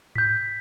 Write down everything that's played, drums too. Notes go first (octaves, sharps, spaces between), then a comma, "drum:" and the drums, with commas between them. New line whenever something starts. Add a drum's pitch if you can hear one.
G6 B6, drum: tom G#2